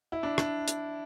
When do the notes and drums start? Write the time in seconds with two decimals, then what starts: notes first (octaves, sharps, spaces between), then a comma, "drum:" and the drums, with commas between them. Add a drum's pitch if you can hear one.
0.12 E4
0.23 D4
0.38 D4, drum: rim click
0.68 drum: hi-hat